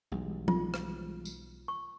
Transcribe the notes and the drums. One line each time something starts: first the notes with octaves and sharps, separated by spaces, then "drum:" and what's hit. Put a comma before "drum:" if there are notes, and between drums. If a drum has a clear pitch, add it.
B1 E3 G3 G#3
F4, drum: tom F3
drum: rim click
drum: tambourine
C#6